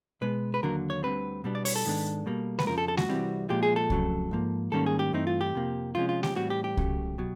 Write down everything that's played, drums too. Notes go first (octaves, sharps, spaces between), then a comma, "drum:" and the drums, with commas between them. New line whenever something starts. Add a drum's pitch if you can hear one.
B2 G#3 B3 B4
B4
D#2 D3 F#3 A#3 A#4
C#5
D2 D3 G3 C4 B4
B2 G3 B3 D4
D5
C#5, drum: open hi-hat
A4
G#2 D#3 G#3 B3 D4
B2 G3 A#3
B4, drum: snare G#3
F2 C#3 F3 A#4
A4
A4
F#4, drum: snare G#3
C2 C3 E3 G3 C4
A#2 F3 G#3 G4
G#4
A4
F2 C#3 F#3 A3, drum: kick C2
G#2 F3 A#3
G#2 D#3 G3 A#3 C#4 A4
G#4
G4
G2 E3 A3 C4 D#4
F4
G4
F2 C3 F3 A#3
C3 F3 G#3 C#4 F4
F4
G4, drum: snare G#3
A2 E3 G3 C4 F#4
G4
G4
C#2 C#3 F#3 A3, drum: kick C2
B2 F#3